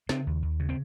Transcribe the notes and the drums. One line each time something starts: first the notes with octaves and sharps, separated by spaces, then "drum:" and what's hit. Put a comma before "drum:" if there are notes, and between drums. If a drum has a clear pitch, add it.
C#3 C4, drum: snare
D#2
D#2
C#3
C4